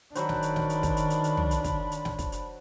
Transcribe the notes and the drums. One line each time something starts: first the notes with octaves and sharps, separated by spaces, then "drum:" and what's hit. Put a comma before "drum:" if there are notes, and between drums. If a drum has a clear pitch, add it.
D#3 F#3 D4 F#4 C5 B5, drum: hi-hat
drum: snare
drum: hi-hat
drum: snare
drum: hi-hat
drum: kick, hi-hat
drum: hi-hat
drum: hi-hat
drum: hi-hat
drum: tom
drum: hi-hat
drum: kick, hi-hat
drum: hi-hat
drum: snare
drum: kick, hi-hat
drum: hi-hat